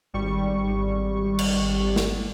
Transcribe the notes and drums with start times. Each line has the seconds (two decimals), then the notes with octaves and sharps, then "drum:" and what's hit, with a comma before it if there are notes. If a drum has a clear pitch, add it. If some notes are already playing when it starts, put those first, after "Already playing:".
0.14 G#1 G3 C#6
1.39 drum: cymbal
1.96 drum: snare